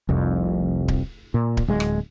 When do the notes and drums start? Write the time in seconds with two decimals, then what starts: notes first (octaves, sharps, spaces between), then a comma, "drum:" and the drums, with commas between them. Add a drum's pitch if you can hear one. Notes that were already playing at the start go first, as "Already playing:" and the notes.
0.09 F1 C2 F2
0.88 drum: kick D1
1.34 A#2
1.57 drum: kick D1
1.68 D1 G#3
1.80 drum: rim click